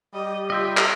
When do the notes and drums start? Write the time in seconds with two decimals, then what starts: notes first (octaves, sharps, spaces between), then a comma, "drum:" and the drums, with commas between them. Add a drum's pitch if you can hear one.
0.14 G3 G4 D#5
0.50 F4 D#5 E5 G5
0.77 drum: clap